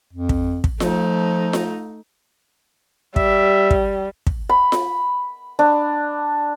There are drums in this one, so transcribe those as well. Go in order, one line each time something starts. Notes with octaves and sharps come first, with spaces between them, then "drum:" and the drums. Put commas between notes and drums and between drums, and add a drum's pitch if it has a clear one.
F2
drum: kick
drum: kick
F3 A3 D#4, drum: snare F4
drum: snare F4
G3 E5, drum: kick
drum: kick
drum: kick
B5
drum: snare F4
D4